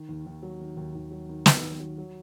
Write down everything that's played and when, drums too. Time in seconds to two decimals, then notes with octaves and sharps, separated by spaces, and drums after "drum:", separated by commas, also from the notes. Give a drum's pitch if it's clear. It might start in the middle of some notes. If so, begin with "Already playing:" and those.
Already playing: D#3
0.09 D#2
0.26 D#2
0.43 F#3
0.61 D#3
0.77 D#2
0.95 D#2
1.11 F#3
1.29 D#3
1.46 D#2, drum: snare
1.63 D#2
1.80 F#3
1.98 F#3